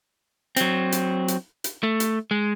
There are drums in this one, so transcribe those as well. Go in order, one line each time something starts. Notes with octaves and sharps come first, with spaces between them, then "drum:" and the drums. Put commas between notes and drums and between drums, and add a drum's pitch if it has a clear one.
F#3 C4, drum: hi-hat
drum: hi-hat
drum: hi-hat
drum: hi-hat
A3
drum: hi-hat
G#3